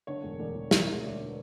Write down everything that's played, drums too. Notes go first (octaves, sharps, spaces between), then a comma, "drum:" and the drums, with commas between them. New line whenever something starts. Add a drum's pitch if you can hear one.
D3 C#5
E1
E1 D5
E1
D2 E5, drum: snare
D2
E5
D3 D5
D3
B4